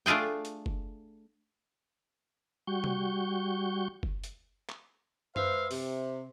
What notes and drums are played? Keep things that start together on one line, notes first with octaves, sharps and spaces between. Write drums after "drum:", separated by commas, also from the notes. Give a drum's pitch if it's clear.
A3 D4 F4 G#4 G5
drum: hi-hat
drum: kick F#1
G3 F#4 C#6 G6
drum: tom C3
drum: kick F#1
drum: hi-hat
drum: clap
B4 C5 E5 F5, drum: tom F#2
C3, drum: open hi-hat